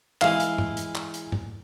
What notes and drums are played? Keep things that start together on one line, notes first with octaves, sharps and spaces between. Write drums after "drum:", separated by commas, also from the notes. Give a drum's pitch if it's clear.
E3 G#3 E4 F5, drum: clap
drum: hi-hat
drum: tom G2
drum: hi-hat
drum: clap
drum: hi-hat
drum: tom G2